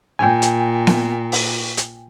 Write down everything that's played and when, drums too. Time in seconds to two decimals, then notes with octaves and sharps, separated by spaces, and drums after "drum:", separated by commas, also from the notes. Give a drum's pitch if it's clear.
0.19 A#2 G5 G#5
0.42 drum: hi-hat
0.87 drum: snare B3
1.32 drum: open hi-hat
1.77 drum: hi-hat